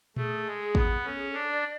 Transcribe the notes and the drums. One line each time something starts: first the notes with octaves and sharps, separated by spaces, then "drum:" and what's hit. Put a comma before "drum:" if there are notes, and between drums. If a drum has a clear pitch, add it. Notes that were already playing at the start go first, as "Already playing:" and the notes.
A3 G#4, drum: tom A#2
G#3
G#4
B3, drum: kick
C#4 A4
G#4
D4 A4
D5